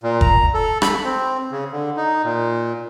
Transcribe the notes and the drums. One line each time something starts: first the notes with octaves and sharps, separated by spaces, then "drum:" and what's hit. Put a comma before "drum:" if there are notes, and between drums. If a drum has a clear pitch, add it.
A#2
A#5, drum: kick
A4
B5, drum: rim click
C4
C#3
D3
D#4
A#2